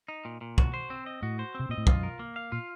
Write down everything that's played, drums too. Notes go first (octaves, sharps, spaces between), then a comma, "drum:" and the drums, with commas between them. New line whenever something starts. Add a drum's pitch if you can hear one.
D#4
A#2
A#2
F#4, drum: kick
C5
C4
D#5
A2 F#4
C5
C3 C4
A#2 D#5
A2
F#2 F4, drum: kick
A#4
A#3
F5
A#2 F4